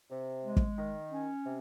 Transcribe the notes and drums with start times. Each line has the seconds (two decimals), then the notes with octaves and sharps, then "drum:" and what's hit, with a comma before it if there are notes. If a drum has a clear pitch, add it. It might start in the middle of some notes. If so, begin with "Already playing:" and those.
0.11 C3
0.44 G#3
0.56 drum: kick
0.78 D#3
1.11 C#4
1.45 C3